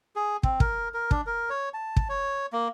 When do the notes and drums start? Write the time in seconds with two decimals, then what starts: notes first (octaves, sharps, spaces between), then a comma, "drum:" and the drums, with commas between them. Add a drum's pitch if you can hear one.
0.16 G#4
0.43 C4, drum: kick
0.60 A#4, drum: kick
0.94 A#4
1.11 D4, drum: kick
1.27 A#4
1.50 C#5
1.74 A5
1.96 drum: kick
2.09 C#5
2.53 A#3